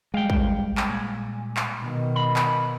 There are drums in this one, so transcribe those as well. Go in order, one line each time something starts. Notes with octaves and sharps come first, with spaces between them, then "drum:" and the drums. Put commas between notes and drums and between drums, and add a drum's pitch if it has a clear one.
G3 G#3 F5 G5
drum: kick
drum: clap
A#2
drum: clap
B2 D#3
B5
drum: clap